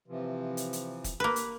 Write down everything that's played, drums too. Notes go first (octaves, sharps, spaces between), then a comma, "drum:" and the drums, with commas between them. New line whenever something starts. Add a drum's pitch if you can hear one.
C3 E3 F3
drum: hi-hat
drum: hi-hat
drum: kick F1, hi-hat
A#3 G4 B4
drum: hi-hat